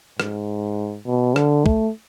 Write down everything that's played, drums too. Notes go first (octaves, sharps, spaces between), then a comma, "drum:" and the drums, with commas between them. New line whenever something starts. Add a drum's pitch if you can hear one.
G#2, drum: rim click
B2
D3, drum: rim click
A3, drum: kick